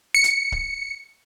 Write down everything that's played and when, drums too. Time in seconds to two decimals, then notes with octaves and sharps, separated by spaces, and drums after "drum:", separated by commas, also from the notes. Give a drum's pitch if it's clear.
0.15 C#7
0.24 drum: hi-hat
0.52 drum: kick C#1